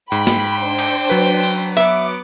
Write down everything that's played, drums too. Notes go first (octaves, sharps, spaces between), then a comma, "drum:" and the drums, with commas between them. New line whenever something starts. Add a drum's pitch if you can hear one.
G#2 G5 B5
drum: snare
D4 C5
drum: cymbal
F#3 B4
drum: open hi-hat
B3 E5 D6, drum: hi-hat